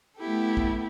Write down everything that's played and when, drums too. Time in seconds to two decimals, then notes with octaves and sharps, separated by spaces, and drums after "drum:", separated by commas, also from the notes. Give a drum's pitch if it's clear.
0.18 A3 B3 E4 G4 A4
0.57 drum: kick